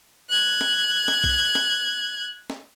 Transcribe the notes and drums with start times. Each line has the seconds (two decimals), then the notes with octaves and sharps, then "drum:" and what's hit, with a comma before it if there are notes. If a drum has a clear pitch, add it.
0.29 F#6 G#6
0.61 drum: snare
1.08 drum: snare
1.24 drum: kick
1.55 drum: snare
2.50 drum: snare